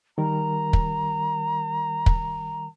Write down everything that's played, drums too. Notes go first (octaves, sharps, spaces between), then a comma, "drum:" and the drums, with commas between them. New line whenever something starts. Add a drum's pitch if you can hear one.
D#3 G3 A#4 A#5
drum: kick
drum: kick